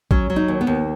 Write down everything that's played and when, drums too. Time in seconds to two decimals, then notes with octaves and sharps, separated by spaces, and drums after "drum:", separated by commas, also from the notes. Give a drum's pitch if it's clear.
0.11 F#3 C#4, drum: kick
0.30 F#3
0.36 D#4
0.48 D#2
0.61 B3
0.67 D#2